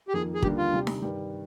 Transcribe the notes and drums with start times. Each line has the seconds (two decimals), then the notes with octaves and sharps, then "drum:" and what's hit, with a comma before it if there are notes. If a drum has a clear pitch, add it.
0.08 G4
0.13 F2 D#3 A#3 G#4
0.35 G#4
0.42 D#2 D3 G3 A#3 G4, drum: kick
0.57 F4
0.73 C3 G3 D4 G4
0.87 drum: snare D#4
1.02 G2 D#3 G3